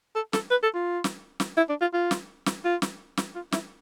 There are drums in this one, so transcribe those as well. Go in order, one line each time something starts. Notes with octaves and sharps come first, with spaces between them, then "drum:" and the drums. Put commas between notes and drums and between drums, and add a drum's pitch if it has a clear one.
A4
A4, drum: snare
B4
A4
F4
drum: snare
drum: snare
E4
D4
F4
F4
drum: snare
drum: snare
F4
drum: snare
drum: snare
F4
E4, drum: snare